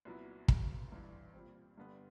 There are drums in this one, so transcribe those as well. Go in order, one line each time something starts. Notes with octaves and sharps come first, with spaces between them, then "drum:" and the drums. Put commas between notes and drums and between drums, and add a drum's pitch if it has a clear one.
C2 A#2 F#3 B3 E4
G1 F#2 C#3, drum: kick
A1 G2 E3
A#2 G3 C4
G1 G2 D3 G3 B3